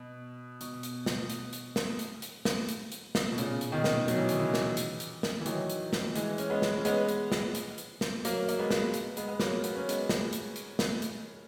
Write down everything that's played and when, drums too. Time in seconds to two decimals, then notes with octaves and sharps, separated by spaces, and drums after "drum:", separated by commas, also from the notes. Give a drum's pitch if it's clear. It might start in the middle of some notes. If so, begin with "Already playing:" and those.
Already playing: B2
0.61 B2, drum: hi-hat
0.83 drum: hi-hat
1.06 drum: snare
1.30 drum: hi-hat
1.53 drum: hi-hat
1.76 drum: snare
1.99 drum: hi-hat
2.22 drum: hi-hat
2.45 drum: snare
2.69 drum: hi-hat
2.92 drum: hi-hat
3.15 drum: snare
3.32 B2
3.38 A#2 C#3, drum: hi-hat
3.61 drum: hi-hat
3.72 B2 D#3
3.84 drum: snare
4.08 F#3, drum: hi-hat
4.18 E3
4.29 D#3, drum: hi-hat
4.39 C#3 E3
4.54 drum: snare
4.77 drum: hi-hat
5.00 drum: hi-hat
5.23 drum: snare
5.41 E3
5.46 D#3 F#3, drum: hi-hat
5.70 drum: hi-hat
5.93 drum: snare
6.15 E3 G#3, drum: hi-hat
6.38 C#4, drum: hi-hat
6.50 G#3 B3
6.62 drum: snare
6.77 C#4
6.85 G#3 B3, drum: hi-hat
7.08 drum: hi-hat
7.32 drum: snare
7.55 drum: hi-hat
7.78 drum: hi-hat
8.01 drum: snare
8.25 F#3 A#3, drum: hi-hat
8.49 A#3, drum: hi-hat
8.59 G#3 B3
8.71 drum: snare
8.94 drum: hi-hat
9.17 G#3 B3, drum: hi-hat
9.28 B3
9.40 F#3 A#3, drum: snare
9.64 B3, drum: hi-hat
9.75 C#4
9.89 G#3 B3, drum: hi-hat
10.09 drum: snare
10.33 drum: hi-hat
10.56 drum: hi-hat
10.79 drum: snare
11.02 drum: hi-hat